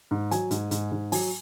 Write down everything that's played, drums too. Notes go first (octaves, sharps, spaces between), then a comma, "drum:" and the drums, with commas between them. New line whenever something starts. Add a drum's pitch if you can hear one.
G#2
F#3 G#5, drum: hi-hat
G#2, drum: hi-hat
G#2, drum: hi-hat
G#2
F#3 G#5, drum: open hi-hat